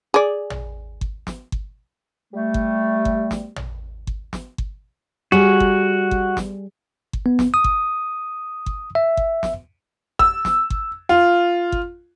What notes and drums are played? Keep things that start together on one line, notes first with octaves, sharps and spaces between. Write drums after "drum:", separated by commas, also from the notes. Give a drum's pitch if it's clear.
G#4 D5
drum: tom
drum: kick G1
drum: snare
drum: kick G1
G3 A3
drum: kick G1
drum: kick G1
drum: snare
drum: tom
drum: kick G1
drum: snare
drum: kick G1
G3 F#4 G#4
drum: kick G1
drum: kick G1
drum: snare
drum: kick G1
B3
drum: snare
D#6
drum: kick G1
drum: kick G1
E5
drum: kick G1
drum: snare
E6, drum: kick G1
drum: snare
drum: kick G1
F4
drum: kick G1